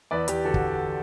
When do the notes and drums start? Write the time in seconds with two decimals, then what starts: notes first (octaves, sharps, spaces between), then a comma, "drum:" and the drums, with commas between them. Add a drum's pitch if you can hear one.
0.11 E2 B4 D5
0.28 E2 G4 B4, drum: hi-hat
0.45 D3 F#4 A4
0.54 drum: kick